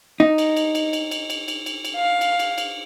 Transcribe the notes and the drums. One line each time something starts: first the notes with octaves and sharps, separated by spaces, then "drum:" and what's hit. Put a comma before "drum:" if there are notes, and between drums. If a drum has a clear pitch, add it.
D#4
drum: cymbal
drum: cymbal
drum: cymbal
drum: cymbal
drum: cymbal
drum: cymbal
drum: cymbal
drum: cymbal
drum: cymbal
F5
drum: cymbal
drum: cymbal
drum: cymbal